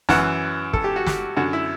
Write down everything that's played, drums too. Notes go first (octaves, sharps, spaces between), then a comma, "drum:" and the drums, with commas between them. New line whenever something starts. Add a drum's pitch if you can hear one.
F#2 E3 F#5, drum: snare
A4, drum: kick
G4
F#4
G4, drum: snare
F#2 D3 F#4
E4